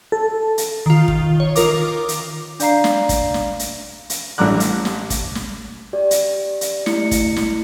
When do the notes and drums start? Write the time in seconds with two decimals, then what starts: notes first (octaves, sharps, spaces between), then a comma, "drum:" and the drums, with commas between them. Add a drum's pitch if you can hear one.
0.12 A4
0.58 drum: hi-hat
0.86 D#3 F4
1.08 drum: kick
1.40 C#5
1.56 D#3 F4 A#4 D6, drum: hi-hat
2.08 drum: hi-hat
2.60 D4 D5 F5 A#5 C7, drum: hi-hat
2.84 drum: snare
3.09 drum: kick, hi-hat
3.34 drum: snare
3.59 drum: hi-hat
4.10 drum: hi-hat
4.38 A1 G2 A#5 D6 F#6
4.60 drum: hi-hat
4.85 drum: snare
5.10 drum: kick, hi-hat
5.35 drum: snare
5.93 G4 D5
6.11 drum: hi-hat
6.61 drum: hi-hat
6.86 A3 E4 C#7, drum: snare
7.11 drum: kick, hi-hat
7.36 drum: snare